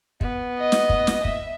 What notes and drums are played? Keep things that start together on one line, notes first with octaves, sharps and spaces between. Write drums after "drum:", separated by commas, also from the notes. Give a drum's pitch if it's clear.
B3, drum: kick
D#5
drum: snare
drum: kick
drum: snare
E5, drum: kick